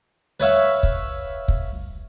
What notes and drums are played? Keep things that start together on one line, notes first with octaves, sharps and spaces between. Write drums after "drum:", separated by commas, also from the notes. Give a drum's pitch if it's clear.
B4 C#5 E5 F5
drum: kick
drum: kick